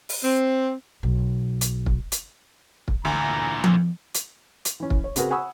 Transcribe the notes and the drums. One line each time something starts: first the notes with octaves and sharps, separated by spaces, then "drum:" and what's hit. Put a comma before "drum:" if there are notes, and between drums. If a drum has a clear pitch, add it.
drum: open hi-hat
C4
B1
drum: hi-hat
drum: kick
drum: hi-hat
drum: kick
D2 A#2 E3 A#5
drum: tom F3
drum: hi-hat
drum: hi-hat
E3 C#4
drum: kick
C#5
C#3 C4 F#4 G#4 A#4 B4, drum: hi-hat
F#5 G#5 B5 C#6 D#6 E6